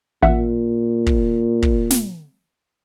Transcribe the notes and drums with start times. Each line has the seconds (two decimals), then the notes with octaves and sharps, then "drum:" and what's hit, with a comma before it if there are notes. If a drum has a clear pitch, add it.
0.23 A1 A#2 E5 F#5
1.06 drum: kick
1.62 drum: kick
1.90 drum: snare